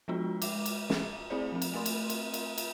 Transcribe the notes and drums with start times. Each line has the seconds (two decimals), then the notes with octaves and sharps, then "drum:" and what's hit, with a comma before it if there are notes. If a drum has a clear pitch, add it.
0.08 F3 G#3 B3 D4 F4 F#4
0.42 G#3 E5 D6, drum: cymbal
0.66 drum: cymbal
0.90 drum: snare
1.30 A3 C4 E4 G#4 C5 D5
1.52 F3 C4
1.62 drum: cymbal
1.74 A3 C4 A#4 C6
1.86 drum: cymbal
2.10 drum: cymbal
2.34 drum: cymbal
2.58 drum: cymbal